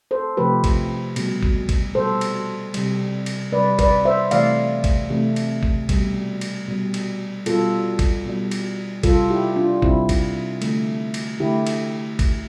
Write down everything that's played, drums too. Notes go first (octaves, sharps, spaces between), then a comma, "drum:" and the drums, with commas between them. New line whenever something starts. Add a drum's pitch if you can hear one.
A4 C5
C3 F3 A3 G4 B4
drum: kick A1, cymbal
B2 G3, drum: cymbal
drum: kick A1
drum: kick A1, cymbal
B2 G3 A4 C5
drum: cymbal
C3 G3, drum: cymbal
drum: cymbal
C3 G3 B4 D5
B4 D5, drum: kick A1, cymbal
C5 E5
C3 E3 A3 D5 F5, drum: cymbal
drum: kick A1, cymbal
C3 E3 A3
drum: cymbal
drum: kick A1
B2 G3, drum: kick A1, cymbal
drum: cymbal
B2 G3
drum: cymbal
B2 G3 F4 A4, drum: cymbal
drum: kick A1, cymbal
B2 G3
drum: cymbal
C3 G3 F4 A4, drum: kick A1, cymbal
E4 G4
D4 F4
C3 G3 C4 E4, drum: kick A1
drum: kick A1, cymbal
D3 A3, drum: cymbal
drum: cymbal
D3 A3 E4 G4
drum: cymbal
drum: kick A1, cymbal